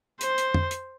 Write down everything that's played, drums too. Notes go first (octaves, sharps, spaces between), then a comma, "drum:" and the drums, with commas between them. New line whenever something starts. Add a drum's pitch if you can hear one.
C5, drum: hi-hat
drum: hi-hat
drum: tom
drum: hi-hat